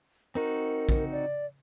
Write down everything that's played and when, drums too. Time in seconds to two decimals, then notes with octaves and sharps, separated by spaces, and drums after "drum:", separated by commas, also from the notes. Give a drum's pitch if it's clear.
0.35 C4 D#4 F#4 A#4
0.89 drum: kick A#1
1.12 D5